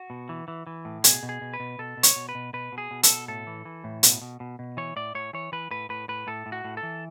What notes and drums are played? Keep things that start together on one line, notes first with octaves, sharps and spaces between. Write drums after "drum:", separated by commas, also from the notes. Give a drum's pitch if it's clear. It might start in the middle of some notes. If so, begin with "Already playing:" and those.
Already playing: F#4
B2
E3
E3
E3
A2
B2 G#4, drum: hi-hat
B2
G#4
B2
B4
B2
B2 A4
B2
C#5, drum: hi-hat
B2
B4
B2
B2 B4
B2
G#4
B2
A4, drum: hi-hat
B2
A2 A4
E3
E3
A2
B2, drum: hi-hat
B2
B2
B2
E3 C#5
A2 D5
A2 C#5
E3 C#5
E3 B4
A2 B4
A2 B4
A2 B4
A2 A4
A2
F#4
A2
A4
E3